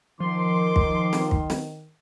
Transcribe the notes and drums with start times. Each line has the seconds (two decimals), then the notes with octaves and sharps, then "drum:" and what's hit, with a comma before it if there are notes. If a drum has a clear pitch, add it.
0.20 D#3 F3 C6 D6
0.76 drum: kick
1.13 drum: snare
1.31 drum: kick
1.50 drum: snare